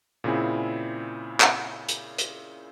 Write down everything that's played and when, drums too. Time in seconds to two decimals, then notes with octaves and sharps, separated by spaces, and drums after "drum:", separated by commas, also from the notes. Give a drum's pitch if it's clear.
0.24 A#2 C#3 C4 E4 G#4
1.40 drum: clap
1.89 drum: hi-hat
2.18 drum: hi-hat